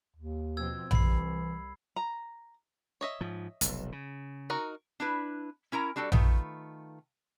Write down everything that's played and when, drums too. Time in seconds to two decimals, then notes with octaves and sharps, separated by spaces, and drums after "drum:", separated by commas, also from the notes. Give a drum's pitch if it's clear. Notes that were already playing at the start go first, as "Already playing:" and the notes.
0.16 D#2
0.57 B2 F3 C4 E6 G#6
0.91 C2 E3 B5 C7, drum: tom A#1
1.96 A#5
3.01 C#5 D#5 E5
3.21 G#2 F3
3.61 F1 B1, drum: hi-hat
3.92 C#3
4.50 D#4 F#4 A#4
5.00 D4 E4 B4
5.72 C#4 E4 A#4 A#5
5.96 G3 D4 F#4 A4
6.12 D#3 A3 F4 B4, drum: tom A#1